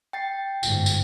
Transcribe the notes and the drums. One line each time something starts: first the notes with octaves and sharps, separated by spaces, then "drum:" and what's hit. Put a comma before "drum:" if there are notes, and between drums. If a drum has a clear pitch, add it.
G5 A6 C7
G1 G#2, drum: tambourine
drum: tambourine